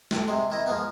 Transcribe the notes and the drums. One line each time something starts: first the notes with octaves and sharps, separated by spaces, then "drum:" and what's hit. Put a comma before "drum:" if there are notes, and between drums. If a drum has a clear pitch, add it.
A4 G5, drum: snare
C3 G#3 C6
D#3 E4 D#5
F3 G#3 A#3 B3